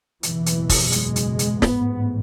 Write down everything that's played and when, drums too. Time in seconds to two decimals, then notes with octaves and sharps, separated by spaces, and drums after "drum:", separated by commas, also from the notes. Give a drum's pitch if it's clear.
0.23 F#1 E2 B2 E3, drum: hi-hat
0.46 drum: hi-hat
0.69 drum: kick, open hi-hat
0.92 G#3, drum: hi-hat
1.16 drum: hi-hat
1.39 drum: hi-hat
1.62 A1 G#2 B3, drum: snare